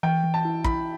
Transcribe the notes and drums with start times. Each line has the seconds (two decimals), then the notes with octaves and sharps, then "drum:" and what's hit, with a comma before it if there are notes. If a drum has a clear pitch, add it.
0.03 E3 G5
0.24 E3
0.34 A5
0.45 E4
0.64 E4 B5, drum: kick